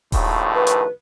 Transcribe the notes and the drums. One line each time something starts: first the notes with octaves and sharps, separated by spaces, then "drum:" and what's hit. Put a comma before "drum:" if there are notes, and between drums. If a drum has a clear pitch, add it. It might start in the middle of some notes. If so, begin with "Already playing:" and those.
A#1 D#2 A2, drum: kick D#1, open hi-hat
B4
drum: hi-hat